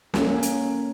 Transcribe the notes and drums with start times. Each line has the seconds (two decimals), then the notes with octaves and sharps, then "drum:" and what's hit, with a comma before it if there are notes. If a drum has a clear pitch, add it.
0.14 A#3 C#4, drum: snare
0.43 drum: hi-hat